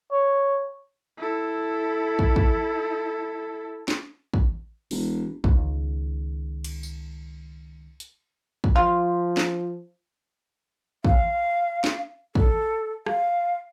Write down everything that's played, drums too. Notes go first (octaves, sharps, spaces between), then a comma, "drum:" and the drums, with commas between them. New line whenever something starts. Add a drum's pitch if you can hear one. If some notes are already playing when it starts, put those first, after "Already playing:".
C#5
E4 A4
drum: kick
drum: kick
drum: snare
drum: kick
E1, drum: open hi-hat
C#2 D#3, drum: kick
drum: cymbal
drum: tambourine
drum: hi-hat
drum: kick
F3 F4
drum: snare
F5, drum: kick
drum: snare
A4, drum: kick
F5, drum: rim click